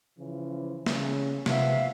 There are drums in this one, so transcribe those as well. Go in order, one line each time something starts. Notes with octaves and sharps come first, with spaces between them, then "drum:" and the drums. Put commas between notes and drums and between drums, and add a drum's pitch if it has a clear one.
C#3 E3 F3
C#3, drum: snare
C3 F3 B3 E5 F5, drum: snare